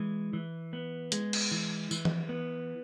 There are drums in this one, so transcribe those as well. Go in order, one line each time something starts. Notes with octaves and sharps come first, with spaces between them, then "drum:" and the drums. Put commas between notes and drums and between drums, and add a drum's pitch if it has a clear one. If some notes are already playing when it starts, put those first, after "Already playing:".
Already playing: E3 G#3
E3
B3
G#3, drum: hi-hat
drum: cymbal
E3
E3, drum: tambourine
drum: tom E3
B3